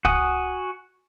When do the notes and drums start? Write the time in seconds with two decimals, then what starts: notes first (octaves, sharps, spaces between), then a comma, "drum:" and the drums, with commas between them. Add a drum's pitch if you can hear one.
0.05 F#4 F#5 G#5 D#6, drum: kick